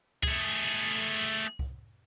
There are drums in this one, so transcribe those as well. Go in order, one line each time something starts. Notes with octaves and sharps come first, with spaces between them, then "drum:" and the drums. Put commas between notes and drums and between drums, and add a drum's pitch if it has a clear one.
A3 G#4, drum: kick C2
drum: kick C2